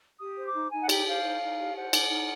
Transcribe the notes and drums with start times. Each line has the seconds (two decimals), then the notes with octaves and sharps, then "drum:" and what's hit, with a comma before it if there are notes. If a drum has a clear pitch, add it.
0.19 G4 D#6
0.37 C5
0.45 D6
0.55 D#4
0.71 D#4 G#5
0.81 F#5
0.89 G4 G5, drum: cymbal
1.06 C5 F5
1.24 D#4
1.42 D#4
1.58 G4
1.75 C5 F#5
1.93 D#4, drum: cymbal
2.11 D#4